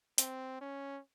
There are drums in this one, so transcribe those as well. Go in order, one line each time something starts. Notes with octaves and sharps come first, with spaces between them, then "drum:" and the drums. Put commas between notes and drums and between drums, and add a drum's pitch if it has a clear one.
C4, drum: hi-hat
C#4